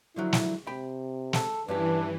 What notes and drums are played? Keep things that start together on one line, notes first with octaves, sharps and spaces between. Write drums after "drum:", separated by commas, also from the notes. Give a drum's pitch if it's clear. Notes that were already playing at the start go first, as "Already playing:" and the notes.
D3 F3 F#3 E4
drum: snare
C3 G5 B5
A4, drum: snare
G2 E3 C#4 D4 G4 B4